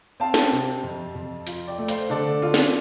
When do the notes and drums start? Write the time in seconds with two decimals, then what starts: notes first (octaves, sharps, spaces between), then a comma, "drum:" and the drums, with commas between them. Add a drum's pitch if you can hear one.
0.20 C4 F5 A5
0.34 drum: snare
0.51 C3
0.83 F2
1.15 F2
1.47 F4, drum: hi-hat
1.68 D5 G5
1.78 A3
1.88 C5 F5, drum: hi-hat
2.10 D3 A4 D5
2.42 F4
2.54 drum: snare